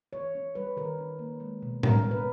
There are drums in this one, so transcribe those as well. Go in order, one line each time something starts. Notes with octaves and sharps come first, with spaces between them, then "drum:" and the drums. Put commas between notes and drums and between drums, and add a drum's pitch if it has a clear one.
E3 C#5
C#4
G3 B4
D#3 A#4
C#4
A#3
G#3
B2
B2 A#4, drum: tom A2
C#4
B4